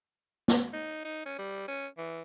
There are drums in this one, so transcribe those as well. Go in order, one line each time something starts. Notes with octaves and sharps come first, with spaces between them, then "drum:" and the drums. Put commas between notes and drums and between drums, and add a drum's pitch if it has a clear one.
drum: snare
D#4
D#4
C#4
G3
C#4
E3